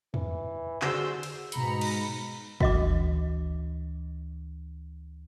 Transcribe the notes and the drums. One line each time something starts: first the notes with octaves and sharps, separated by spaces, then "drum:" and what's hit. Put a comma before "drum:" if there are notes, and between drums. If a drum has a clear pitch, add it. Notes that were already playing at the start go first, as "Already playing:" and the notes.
E3, drum: tom E2
D3 F#4 G#4 C5 E6, drum: clap
drum: cymbal
G#2 B2 G#3 A#5 B5 C#7, drum: hi-hat
drum: cymbal
D2 E3 F#4 D#5 D6, drum: kick